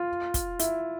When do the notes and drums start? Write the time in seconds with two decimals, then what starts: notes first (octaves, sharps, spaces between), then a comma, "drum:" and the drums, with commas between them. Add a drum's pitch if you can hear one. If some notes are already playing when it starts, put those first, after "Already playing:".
Already playing: F4
0.34 drum: kick, hi-hat
0.59 E4, drum: hi-hat